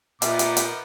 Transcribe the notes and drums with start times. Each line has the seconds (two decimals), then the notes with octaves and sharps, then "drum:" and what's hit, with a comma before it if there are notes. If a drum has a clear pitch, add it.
0.22 A#2 F3 B3 D#4 E5 D6, drum: hi-hat
0.39 drum: hi-hat
0.57 drum: hi-hat